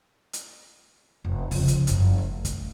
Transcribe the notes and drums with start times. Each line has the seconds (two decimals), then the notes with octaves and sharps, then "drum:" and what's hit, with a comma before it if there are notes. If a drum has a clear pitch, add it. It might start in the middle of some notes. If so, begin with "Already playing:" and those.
0.33 drum: hi-hat
1.24 F1
1.51 C#3 F3, drum: open hi-hat
1.68 drum: kick, hi-hat
1.87 F#1 F3, drum: hi-hat
2.18 A3
2.45 drum: kick, hi-hat